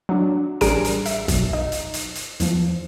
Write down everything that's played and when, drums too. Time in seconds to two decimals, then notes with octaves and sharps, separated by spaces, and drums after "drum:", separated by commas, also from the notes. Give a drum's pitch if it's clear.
0.09 F#3 D4
0.61 A1 G3 D4 G#4 A#4 D7, drum: hi-hat
0.85 drum: hi-hat
1.06 E5, drum: hi-hat
1.28 B1, drum: kick, hi-hat
1.53 D#4
1.72 drum: hi-hat
1.94 drum: hi-hat
2.15 drum: hi-hat
2.40 E2 F3, drum: hi-hat